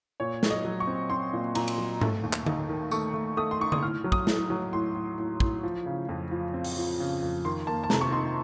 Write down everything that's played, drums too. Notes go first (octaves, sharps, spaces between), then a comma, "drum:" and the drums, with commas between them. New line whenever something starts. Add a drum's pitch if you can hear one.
A#2 C#5
F#3, drum: snare
D#5
F#3
C#6
C4
C4 C6
A#2
A#2 A#5, drum: cymbal
drum: cymbal
F#3
A3, drum: tom G#2
D#2
drum: clap
D#4, drum: tom D3
D#3
A3 C#6, drum: tambourine
A3
A3 D#6
C6
D#4 C#6
D#6, drum: tom D3
A2 F6
F#3
D#6, drum: kick
A2, drum: snare
F#3
A2 C6
A2
A2
A2, drum: kick
F3
C#3
F2
F3
C4
drum: open hi-hat
F3
C#3
F2
D#3 C6
A#3 A5
A5
C3 A#5, drum: snare
C#6
D#4 C6